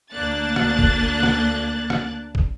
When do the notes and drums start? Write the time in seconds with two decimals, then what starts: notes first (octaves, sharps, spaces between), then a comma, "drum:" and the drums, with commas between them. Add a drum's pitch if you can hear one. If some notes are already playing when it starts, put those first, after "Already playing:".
0.12 D2 A#3 D4 F#6 A6
0.56 drum: rim click
0.79 drum: kick
1.23 drum: rim click
1.90 drum: rim click
2.35 drum: kick